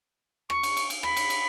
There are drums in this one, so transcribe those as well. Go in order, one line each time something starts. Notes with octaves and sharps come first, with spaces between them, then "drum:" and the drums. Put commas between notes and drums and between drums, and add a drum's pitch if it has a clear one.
C#6, drum: rim click
drum: cymbal
drum: cymbal
drum: cymbal
B5, drum: rim click
drum: cymbal
drum: cymbal